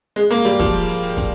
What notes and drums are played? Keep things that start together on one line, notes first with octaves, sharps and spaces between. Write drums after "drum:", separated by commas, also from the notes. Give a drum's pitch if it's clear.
G#3
A#3, drum: hi-hat
G3, drum: hi-hat
F3, drum: kick, hi-hat
drum: hi-hat
drum: hi-hat
drum: kick, hi-hat